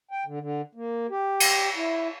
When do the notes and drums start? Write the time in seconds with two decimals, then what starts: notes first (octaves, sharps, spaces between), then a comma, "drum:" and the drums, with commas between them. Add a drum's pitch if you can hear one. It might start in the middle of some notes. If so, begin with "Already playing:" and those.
0.11 G5
0.26 D3
0.41 D3
0.75 A#3
1.10 G4
1.40 drum: cymbal
1.76 E4